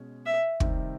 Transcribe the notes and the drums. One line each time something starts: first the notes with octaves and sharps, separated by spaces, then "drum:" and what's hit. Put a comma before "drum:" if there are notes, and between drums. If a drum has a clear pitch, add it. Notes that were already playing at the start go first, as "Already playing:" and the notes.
Already playing: B2 G#3 C#4
E5
C3 D#3 G3 C4, drum: kick